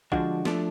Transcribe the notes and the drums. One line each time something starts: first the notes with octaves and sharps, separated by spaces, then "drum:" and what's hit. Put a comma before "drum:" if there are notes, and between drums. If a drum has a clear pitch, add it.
D3 F3 G#3 D4 F#4, drum: kick
F3 A3 D4, drum: snare